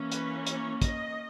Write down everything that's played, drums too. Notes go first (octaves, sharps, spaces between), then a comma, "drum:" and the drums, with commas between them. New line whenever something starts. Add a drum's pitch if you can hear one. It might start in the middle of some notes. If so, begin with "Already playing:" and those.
Already playing: E3 A#3 C#4
B4, drum: hi-hat
C#5, drum: hi-hat
D#5, drum: kick, hi-hat